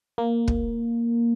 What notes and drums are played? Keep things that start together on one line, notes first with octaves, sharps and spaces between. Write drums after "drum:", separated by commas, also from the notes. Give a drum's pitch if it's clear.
A#3
drum: kick